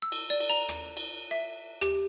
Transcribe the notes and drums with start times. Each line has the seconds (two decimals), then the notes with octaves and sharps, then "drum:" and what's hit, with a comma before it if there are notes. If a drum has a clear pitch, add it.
0.02 E6
0.12 drum: cymbal
0.30 D5
0.40 drum: cymbal
0.49 A#5
0.69 drum: rim click
0.97 drum: cymbal
1.31 E5
1.81 G4, drum: rim click